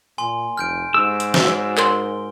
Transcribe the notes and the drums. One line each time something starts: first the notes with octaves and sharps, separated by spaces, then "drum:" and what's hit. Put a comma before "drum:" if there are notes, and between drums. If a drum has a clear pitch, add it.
A#2 G#5 C6
F1 F6 G6 D7
G#2 G4 E6
drum: hi-hat
F#4 C#5, drum: snare
A#4 C6 G7, drum: clap